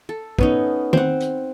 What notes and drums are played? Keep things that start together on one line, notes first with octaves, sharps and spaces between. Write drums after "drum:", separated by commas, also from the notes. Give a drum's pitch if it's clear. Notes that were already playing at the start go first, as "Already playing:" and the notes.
A4
B3 C#4 D#4, drum: kick
C4 F#5, drum: tom D#3
drum: hi-hat